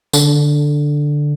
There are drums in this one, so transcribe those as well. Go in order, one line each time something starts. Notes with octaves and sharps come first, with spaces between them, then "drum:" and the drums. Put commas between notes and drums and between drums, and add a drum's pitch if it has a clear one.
D3, drum: tambourine